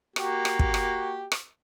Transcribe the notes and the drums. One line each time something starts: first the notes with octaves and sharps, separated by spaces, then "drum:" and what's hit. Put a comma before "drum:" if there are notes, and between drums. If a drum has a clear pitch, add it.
A#3 F#4 G4, drum: rim click
drum: rim click
drum: kick
drum: rim click
drum: rim click